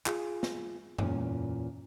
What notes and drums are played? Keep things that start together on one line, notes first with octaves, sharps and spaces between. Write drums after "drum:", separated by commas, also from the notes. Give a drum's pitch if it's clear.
F4 G#4, drum: clap
drum: snare
E2 A#2 C#4, drum: tom F#2